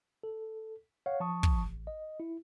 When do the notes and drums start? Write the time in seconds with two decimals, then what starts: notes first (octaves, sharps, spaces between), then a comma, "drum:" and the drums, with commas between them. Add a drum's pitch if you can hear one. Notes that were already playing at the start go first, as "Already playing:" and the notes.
0.23 A4
1.06 C#5 F5 F#5
1.20 F3 A5 C#6 D#6
1.43 drum: kick
1.64 A1
1.87 D#5
2.20 E4